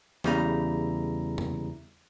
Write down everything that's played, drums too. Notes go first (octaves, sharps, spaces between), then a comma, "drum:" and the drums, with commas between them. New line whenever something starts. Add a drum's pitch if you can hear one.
E2 C#3 G3 E4 A#5, drum: snare
drum: tom E2